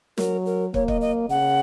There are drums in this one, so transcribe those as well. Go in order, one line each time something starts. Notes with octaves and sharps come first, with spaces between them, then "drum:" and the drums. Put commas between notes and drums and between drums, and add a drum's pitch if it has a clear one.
F#3 A#4, drum: snare
A#4
A#3 C#5, drum: kick
D#5, drum: kick
D#5
C#3 F#5